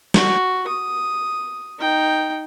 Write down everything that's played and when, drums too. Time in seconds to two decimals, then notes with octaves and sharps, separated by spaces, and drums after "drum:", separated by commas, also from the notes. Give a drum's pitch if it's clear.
0.14 F#4, drum: snare
0.68 D#6
1.79 D#4 G5